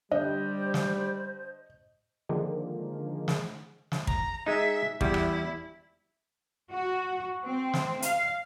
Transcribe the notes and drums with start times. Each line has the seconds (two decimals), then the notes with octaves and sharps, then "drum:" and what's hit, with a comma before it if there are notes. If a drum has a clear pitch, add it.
0.11 D3 G3 C5 D#5
0.74 drum: snare
2.29 D3 D#3 F3 G#3 A#3
3.28 drum: snare
3.92 drum: snare
4.07 A#5, drum: kick
4.46 G#3 D#4 E5
5.01 E2 G3 E4, drum: kick
5.14 drum: rim click
6.70 F#4
7.44 C4
7.74 drum: snare
8.02 F5, drum: hi-hat